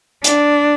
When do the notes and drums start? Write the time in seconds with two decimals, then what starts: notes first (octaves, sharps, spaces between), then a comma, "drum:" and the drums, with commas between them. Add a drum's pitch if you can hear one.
0.24 D4, drum: hi-hat